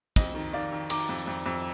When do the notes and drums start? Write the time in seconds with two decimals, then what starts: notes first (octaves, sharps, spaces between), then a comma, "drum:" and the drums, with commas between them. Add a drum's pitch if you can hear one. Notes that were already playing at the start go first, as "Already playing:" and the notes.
0.16 F2 D#5, drum: kick, cymbal
0.34 D#3
0.53 D#3 D5 F5
0.72 D#3
0.90 D#3 A#5 D6, drum: cymbal
1.09 F2
1.27 F2
1.46 F2